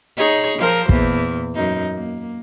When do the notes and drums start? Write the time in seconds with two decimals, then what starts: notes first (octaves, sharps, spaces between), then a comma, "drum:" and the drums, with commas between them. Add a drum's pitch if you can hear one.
0.17 D#4 G#4 C#5
0.58 F3 A#4 C5
0.89 E2 A#2, drum: kick
1.56 F#2 D#4
1.94 A#3